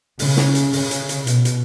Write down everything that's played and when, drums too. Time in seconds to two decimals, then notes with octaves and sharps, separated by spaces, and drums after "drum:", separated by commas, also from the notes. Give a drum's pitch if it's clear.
0.19 C#3, drum: open hi-hat
0.37 drum: snare
0.55 drum: hi-hat
0.73 C#3, drum: open hi-hat
0.91 drum: hi-hat
1.09 drum: hi-hat
1.27 B2, drum: hi-hat
1.45 drum: hi-hat